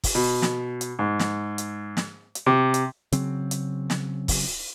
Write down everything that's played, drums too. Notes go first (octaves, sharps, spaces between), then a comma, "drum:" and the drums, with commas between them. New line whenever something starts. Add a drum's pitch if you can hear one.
drum: kick, open hi-hat
B2
drum: snare
drum: hi-hat
G#2
drum: snare
drum: hi-hat
drum: snare
drum: hi-hat
C3
drum: hi-hat
C#3 F#3 C4, drum: hi-hat
drum: hi-hat
drum: snare
drum: kick, open hi-hat